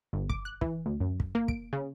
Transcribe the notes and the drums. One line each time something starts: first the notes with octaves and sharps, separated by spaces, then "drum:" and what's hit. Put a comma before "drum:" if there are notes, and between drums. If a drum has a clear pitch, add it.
G1
D6, drum: kick
F#6
E3, drum: kick
D2
F#2
drum: kick
A#3
D7, drum: kick
C#3